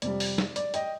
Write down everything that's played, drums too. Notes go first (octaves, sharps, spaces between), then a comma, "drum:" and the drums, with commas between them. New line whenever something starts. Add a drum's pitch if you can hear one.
F2 C3 G3 D5, drum: hi-hat
drum: open hi-hat
drum: snare
D5, drum: hi-hat
D#5 G5, drum: hi-hat